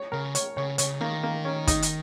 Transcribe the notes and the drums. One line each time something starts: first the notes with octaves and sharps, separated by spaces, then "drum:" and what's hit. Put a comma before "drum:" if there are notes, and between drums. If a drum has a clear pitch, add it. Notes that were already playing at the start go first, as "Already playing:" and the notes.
Already playing: C#5
C#3 A#4
C#5, drum: hi-hat
C#3 C#5
C#3 C#5, drum: hi-hat
D#3 A#3
A#3
C#4
D#4, drum: kick, hi-hat
drum: hi-hat